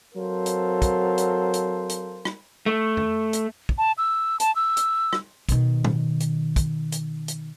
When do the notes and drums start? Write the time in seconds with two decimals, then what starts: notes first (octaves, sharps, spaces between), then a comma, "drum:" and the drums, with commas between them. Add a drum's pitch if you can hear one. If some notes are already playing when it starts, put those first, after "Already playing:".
0.15 F#3 C4 A4 A#4 C5 F5
0.46 drum: hi-hat
0.82 drum: kick, hi-hat
1.18 drum: hi-hat
1.54 drum: hi-hat
1.89 drum: hi-hat
2.25 drum: rim click
2.66 A3
2.97 drum: tom
3.33 drum: hi-hat
3.69 drum: kick
3.78 A5
3.98 E6
4.40 A5, drum: hi-hat
4.56 E6
4.77 drum: hi-hat
5.13 drum: rim click
5.49 B2 D#3, drum: kick, hi-hat
5.84 drum: tom
6.20 drum: hi-hat
6.56 drum: kick, hi-hat
6.92 drum: hi-hat
7.28 drum: hi-hat